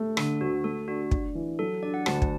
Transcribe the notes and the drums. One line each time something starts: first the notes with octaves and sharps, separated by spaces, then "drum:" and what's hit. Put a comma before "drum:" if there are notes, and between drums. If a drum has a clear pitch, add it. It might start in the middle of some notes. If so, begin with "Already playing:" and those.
Already playing: A3
D3 A4, drum: rim click
D2 F#4
A3 A4
D4 F#4
D4, drum: kick
E3
F#3 A4
D4 D5
F#5
D2 A5, drum: rim click
drum: kick